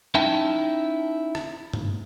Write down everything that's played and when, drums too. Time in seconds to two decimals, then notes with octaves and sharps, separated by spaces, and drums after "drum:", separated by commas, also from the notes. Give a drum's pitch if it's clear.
0.14 C#4 D#4 E4 G5 A5, drum: tom F#3
1.35 drum: rim click
1.73 drum: tom G2